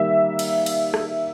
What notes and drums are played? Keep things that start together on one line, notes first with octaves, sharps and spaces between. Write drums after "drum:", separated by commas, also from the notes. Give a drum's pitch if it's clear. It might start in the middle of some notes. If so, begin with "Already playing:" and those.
Already playing: D#3 G3 A#3 E5
drum: cymbal
drum: cymbal
drum: rim click